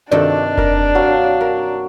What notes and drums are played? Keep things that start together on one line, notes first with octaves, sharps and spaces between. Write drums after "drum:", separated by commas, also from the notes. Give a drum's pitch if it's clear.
G2 C3 D#3 D4 F#4 A4 D5
A#4 D5, drum: kick F1
F#3 F5
A#4